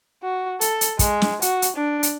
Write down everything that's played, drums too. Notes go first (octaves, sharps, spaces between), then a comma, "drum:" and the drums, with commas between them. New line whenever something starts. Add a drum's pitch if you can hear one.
F#4
A4, drum: hi-hat
drum: hi-hat
G#3, drum: kick, hi-hat
drum: snare
F#4, drum: hi-hat
drum: hi-hat
D4
drum: hi-hat